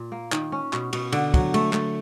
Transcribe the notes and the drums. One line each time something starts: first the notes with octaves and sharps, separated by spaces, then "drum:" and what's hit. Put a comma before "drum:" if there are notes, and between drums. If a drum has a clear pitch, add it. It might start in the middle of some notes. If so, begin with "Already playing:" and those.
Already playing: A#2
A#3
D#3, drum: clap
C#4
B2, drum: clap
B2, drum: cymbal
D3, drum: cymbal
F#3, drum: kick, cymbal
A3, drum: cymbal
A3, drum: clap